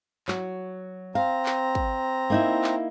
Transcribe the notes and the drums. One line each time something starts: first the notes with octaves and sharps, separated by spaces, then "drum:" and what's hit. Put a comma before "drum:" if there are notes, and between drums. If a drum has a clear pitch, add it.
F#3 F#4, drum: clap
C4 F5 A#5
drum: clap
drum: kick
A#3 D#4 E4
drum: clap